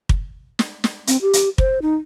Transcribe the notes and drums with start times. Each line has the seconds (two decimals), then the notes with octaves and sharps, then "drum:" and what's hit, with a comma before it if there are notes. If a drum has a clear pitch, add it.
0.09 drum: kick
0.59 drum: snare
0.84 drum: snare
1.07 C4, drum: hi-hat
1.22 G4
1.33 drum: hi-hat
1.58 C5, drum: kick
1.82 D#4